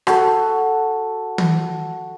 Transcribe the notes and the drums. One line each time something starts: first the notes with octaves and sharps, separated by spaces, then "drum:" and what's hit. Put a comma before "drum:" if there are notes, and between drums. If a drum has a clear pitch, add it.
F#4 A4, drum: rim click
drum: tom